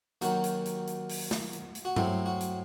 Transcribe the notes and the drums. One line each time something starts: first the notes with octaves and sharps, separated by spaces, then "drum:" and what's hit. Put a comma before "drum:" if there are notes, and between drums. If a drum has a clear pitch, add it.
D#2 D#3 F#3 F#4, drum: hi-hat
drum: hi-hat
drum: hi-hat
drum: hi-hat
drum: open hi-hat
drum: snare
drum: hi-hat
drum: hi-hat
F#4
A2 F#3 C4 E4, drum: tom G2
F#4
drum: hi-hat